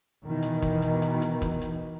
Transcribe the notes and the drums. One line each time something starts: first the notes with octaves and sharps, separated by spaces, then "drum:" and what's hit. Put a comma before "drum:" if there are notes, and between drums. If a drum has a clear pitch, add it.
B2 D#3 E3
drum: hi-hat
drum: kick, hi-hat
drum: hi-hat
drum: hi-hat
drum: hi-hat
drum: kick, hi-hat
drum: hi-hat